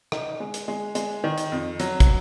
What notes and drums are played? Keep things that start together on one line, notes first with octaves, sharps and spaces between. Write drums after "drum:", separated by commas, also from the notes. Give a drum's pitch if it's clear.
D#4, drum: rim click
G#3
drum: hi-hat
G#3
G#3, drum: hi-hat
D#3
drum: hi-hat
F2
F#3, drum: hi-hat
drum: kick, hi-hat